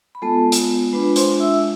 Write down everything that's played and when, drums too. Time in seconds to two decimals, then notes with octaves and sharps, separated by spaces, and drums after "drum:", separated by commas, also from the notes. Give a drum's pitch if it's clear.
0.15 B5
0.22 G#3 B3 F4 A4 A5
0.52 drum: hi-hat
0.93 G#3 D4 F4 B4 B5
1.16 C5 C6, drum: hi-hat
1.40 E5 E6